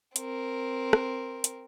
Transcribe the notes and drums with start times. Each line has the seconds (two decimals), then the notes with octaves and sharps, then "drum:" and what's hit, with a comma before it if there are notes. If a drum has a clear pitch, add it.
0.16 C4 A#4, drum: hi-hat
0.93 drum: rim click
1.44 drum: hi-hat